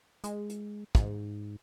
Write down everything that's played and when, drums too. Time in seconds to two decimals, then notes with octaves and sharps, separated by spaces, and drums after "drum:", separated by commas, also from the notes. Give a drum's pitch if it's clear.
0.24 G#3, drum: hi-hat
0.50 drum: hi-hat
0.95 G#2, drum: kick